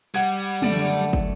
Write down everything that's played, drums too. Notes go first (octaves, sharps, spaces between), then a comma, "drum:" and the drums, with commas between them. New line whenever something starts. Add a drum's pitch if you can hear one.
G3 F#5 G#6
F#2 D3 A3 D5, drum: tom
drum: kick